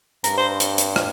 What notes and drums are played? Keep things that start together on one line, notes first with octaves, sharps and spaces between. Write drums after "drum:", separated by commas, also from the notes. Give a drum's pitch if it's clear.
G2 A#4, drum: hi-hat
C5
drum: hi-hat
drum: hi-hat
drum: rim click